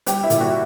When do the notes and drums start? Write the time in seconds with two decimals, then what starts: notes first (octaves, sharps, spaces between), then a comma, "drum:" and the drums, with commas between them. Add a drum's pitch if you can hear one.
0.06 G3 G4, drum: hi-hat
0.23 E4
0.30 A#2, drum: hi-hat
0.40 F#4